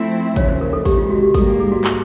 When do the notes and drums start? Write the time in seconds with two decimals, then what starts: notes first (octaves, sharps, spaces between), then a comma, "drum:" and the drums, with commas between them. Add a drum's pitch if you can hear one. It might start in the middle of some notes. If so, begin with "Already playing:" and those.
Already playing: F3 A3 C4 E4
0.36 D#2 C#3 F3 C#5, drum: kick, hi-hat
0.48 C5
0.61 A#4
0.73 A4
0.85 C3 D#3 G#3 G4, drum: kick, open hi-hat
0.98 F4
1.10 F#4
1.23 G4
1.34 G#2 D#3 G3 A#3 A4, drum: kick, open hi-hat
1.47 A4
1.60 G#4
1.72 F#4
1.84 drum: clap